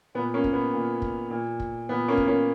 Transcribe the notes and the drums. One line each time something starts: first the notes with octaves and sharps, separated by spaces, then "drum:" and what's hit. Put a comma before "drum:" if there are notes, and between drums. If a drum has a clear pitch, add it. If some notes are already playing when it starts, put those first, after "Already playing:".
A#2 B3
A#3 C#4
drum: kick
B3
A#2
drum: kick
A#2
drum: kick
A#2 B3
A#3 C#4
drum: kick
A#3 C#4